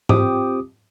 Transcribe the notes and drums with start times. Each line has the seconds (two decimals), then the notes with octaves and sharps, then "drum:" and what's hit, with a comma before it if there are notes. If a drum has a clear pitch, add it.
0.09 C4 F4 G4 D6 D#6, drum: tom G#2